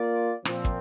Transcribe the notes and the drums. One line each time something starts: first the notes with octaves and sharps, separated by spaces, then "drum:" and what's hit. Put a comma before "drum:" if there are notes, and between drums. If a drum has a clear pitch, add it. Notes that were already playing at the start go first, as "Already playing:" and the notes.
Already playing: A#3 F4 D5
A#2 F3 C4, drum: rim click
drum: kick